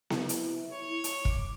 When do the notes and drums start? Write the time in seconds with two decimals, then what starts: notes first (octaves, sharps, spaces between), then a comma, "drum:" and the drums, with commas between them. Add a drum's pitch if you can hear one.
0.10 E4, drum: snare B3
0.29 drum: hi-hat
0.72 C#5
1.04 drum: hi-hat
1.25 D6, drum: kick